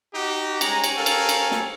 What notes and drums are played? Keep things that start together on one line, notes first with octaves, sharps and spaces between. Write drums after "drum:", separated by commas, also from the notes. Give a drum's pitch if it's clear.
D#4 F#4 G4
G3 G#3 C#4 G#5 A#5, drum: cymbal
drum: cymbal
A4 A#4 F5
drum: cymbal
drum: cymbal
drum: snare